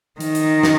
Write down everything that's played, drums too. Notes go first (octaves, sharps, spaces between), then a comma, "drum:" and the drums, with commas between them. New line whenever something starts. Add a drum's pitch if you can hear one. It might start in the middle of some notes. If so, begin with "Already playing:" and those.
D#3, drum: hi-hat
drum: hi-hat
drum: snare